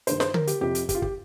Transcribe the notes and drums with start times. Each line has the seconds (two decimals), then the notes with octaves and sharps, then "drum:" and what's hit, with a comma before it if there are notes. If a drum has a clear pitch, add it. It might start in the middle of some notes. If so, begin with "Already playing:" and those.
0.07 G2 D#3 C5, drum: hi-hat
0.20 C5, drum: snare
0.34 A#4, drum: tom D3
0.47 G4, drum: hi-hat
0.61 F2 C3 F3 G4
0.75 drum: hi-hat
0.89 G4, drum: kick, hi-hat
0.95 F4
1.02 G4, drum: kick